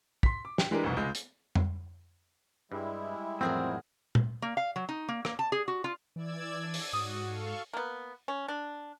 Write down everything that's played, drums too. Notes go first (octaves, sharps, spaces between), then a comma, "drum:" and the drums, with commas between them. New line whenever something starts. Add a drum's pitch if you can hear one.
C6 B6, drum: kick
D6
G5, drum: snare
E3 G#3 D4 G4 A#4
F1 C2 B2
C#2 G#3 G6
drum: hi-hat
drum: tom F2
G2 G3 G#3 E4
A1 F2 F#3 C4 G#4 A#4
drum: tom A#2
A#3
F5
F#3
D#4
A#3
A#3, drum: rim click
A5
G#4
F#4
F4
E3 D5 E6 G#6
D4 D#7
drum: open hi-hat
G#2 F#4 D#6
A4 F5 C#6
A#3 B3
C#4
D4